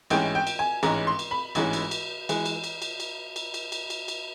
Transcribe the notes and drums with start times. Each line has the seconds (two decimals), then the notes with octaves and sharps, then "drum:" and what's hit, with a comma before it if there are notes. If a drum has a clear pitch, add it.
0.10 A1 G#2 E3 G#3 C#4 G5, drum: cymbal
0.35 G5
0.47 drum: cymbal
0.59 G#5
0.83 A1 G#2 E3 G#3 C#4 A#5, drum: cymbal
1.07 C6
1.19 drum: cymbal
1.31 B5
1.55 A1 G#2 E3 G#3 C#4, drum: cymbal
1.73 drum: cymbal
1.91 drum: cymbal
2.29 E3 G#3, drum: cymbal
2.46 drum: cymbal
2.64 drum: cymbal
2.82 drum: cymbal
3.00 drum: cymbal
3.36 drum: cymbal
3.54 drum: cymbal
3.72 drum: cymbal
3.90 drum: cymbal
4.08 drum: cymbal